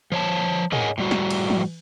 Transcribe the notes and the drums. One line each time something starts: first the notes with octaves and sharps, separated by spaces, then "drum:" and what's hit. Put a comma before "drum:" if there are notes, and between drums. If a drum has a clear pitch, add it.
F3 C#5 A5
G#4 A#4 C#5 D#5 F#5 G#5, drum: tom
A2 G3 F#4
drum: snare
drum: cymbal
drum: tom